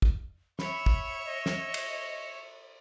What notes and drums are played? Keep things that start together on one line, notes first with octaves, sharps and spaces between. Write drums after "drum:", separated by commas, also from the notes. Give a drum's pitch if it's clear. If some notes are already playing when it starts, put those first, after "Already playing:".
drum: kick
C#5 E5 B5, drum: snare
drum: kick
D#5
drum: snare
drum: cymbal